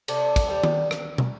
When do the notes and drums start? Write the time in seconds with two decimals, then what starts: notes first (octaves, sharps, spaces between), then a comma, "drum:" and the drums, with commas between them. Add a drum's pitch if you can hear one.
0.08 C3 A4 D5, drum: cymbal
0.36 drum: kick, cymbal
0.50 G3
0.64 drum: tom D#3
0.91 drum: rim click
1.18 drum: tom